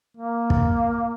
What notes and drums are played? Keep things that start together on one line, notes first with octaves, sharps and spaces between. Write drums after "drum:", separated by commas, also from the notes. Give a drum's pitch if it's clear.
A#3
drum: kick